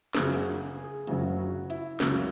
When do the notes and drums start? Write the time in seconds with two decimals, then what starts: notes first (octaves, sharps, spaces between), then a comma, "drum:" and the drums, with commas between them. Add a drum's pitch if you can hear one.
0.15 F#1 F#2 C#3 F#3 G#4, drum: snare
0.36 F#4
0.46 G#4, drum: hi-hat
0.77 G#4
1.07 F#1 F#2 C#3 F#3 F#4, drum: hi-hat
1.38 F#4
1.70 E4, drum: hi-hat
2.00 C#2 C#3 F#3, drum: snare